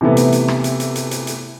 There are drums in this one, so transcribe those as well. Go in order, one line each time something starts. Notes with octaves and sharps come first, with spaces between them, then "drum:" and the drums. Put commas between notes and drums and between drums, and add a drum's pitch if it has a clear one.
C3 E3 A3 B3
drum: hi-hat
drum: hi-hat
drum: rim click
drum: hi-hat
drum: hi-hat
drum: hi-hat
drum: hi-hat
drum: hi-hat